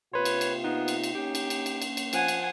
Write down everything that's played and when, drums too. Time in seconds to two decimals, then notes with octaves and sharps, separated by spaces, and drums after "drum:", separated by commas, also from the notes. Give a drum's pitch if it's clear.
0.13 C3 A#3 F4 B4 C#5 C6
0.25 drum: cymbal
0.41 drum: cymbal
0.64 B3 D#4
0.88 drum: cymbal
1.04 drum: cymbal
1.15 A#3 C#4 G4
1.35 drum: cymbal
1.50 drum: cymbal
1.66 drum: cymbal
1.82 drum: cymbal
1.97 drum: cymbal
2.13 F3 F#5 G#5, drum: cymbal
2.28 drum: cymbal